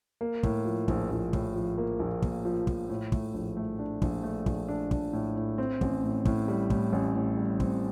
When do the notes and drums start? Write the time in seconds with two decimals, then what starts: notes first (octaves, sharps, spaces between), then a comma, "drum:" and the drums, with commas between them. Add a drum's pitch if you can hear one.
0.21 A#3
0.43 A2, drum: kick
0.65 F3
0.88 A#1, drum: kick
1.10 A#1
1.33 A2, drum: kick
1.55 F3
1.78 A#3
2.00 A#1
2.22 A#3, drum: kick
2.45 F3
2.67 F3, drum: kick
2.89 A2
3.12 A3, drum: kick
3.34 A#1
3.57 A3
3.79 D4
4.02 A#1, drum: kick
4.23 A3
4.46 A#1, drum: kick
4.68 D4
4.91 D4, drum: kick
5.13 A2
5.36 A2
5.58 C4
5.81 A1, drum: kick
6.04 A2
6.25 A2, drum: kick
6.48 G3
6.70 A2, drum: kick
6.93 A1
7.15 A2
7.37 G3
7.60 C4, drum: kick